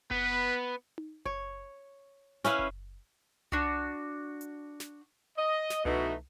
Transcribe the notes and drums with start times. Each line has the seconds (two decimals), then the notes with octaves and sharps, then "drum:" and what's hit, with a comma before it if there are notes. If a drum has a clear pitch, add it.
0.11 B3 B4, drum: kick F#1
0.98 drum: tom D#4
1.25 C#5, drum: kick F#1
2.44 C#4 E4 B4 F5, drum: snare
2.59 drum: kick F#1
3.52 D4 F#4, drum: tom C2
4.41 drum: hi-hat
4.80 drum: snare
5.38 D#5
5.70 drum: snare
5.85 B2 E3 A3 D#4 F#4, drum: tom C2